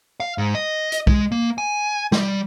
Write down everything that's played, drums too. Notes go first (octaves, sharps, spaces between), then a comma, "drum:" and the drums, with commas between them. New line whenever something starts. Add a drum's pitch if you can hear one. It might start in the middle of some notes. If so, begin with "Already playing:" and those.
F5
G#2
D#5
drum: hi-hat
G#3, drum: kick
A#3
G#5
G3, drum: snare